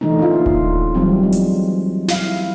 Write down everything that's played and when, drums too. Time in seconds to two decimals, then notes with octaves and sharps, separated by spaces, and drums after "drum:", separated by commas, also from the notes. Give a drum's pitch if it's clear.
0.01 D3 E3 A3 D4 D#4
0.19 A#3 C#4 F4
0.46 drum: kick D#1
0.94 E3 F#3 G3 C4
1.23 G#3
1.32 drum: hi-hat
2.08 E4 F5, drum: snare